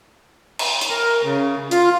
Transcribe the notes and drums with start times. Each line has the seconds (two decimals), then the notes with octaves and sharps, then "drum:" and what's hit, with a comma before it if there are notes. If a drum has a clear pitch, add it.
0.59 drum: cymbal
0.81 drum: hi-hat
0.90 A#4
1.23 C#3
1.71 F4, drum: hi-hat